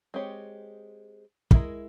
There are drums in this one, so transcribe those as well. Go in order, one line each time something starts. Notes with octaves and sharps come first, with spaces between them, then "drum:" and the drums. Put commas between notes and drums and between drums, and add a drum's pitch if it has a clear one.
G#3 C4 G4 C#5
G#3 E4 A#4, drum: kick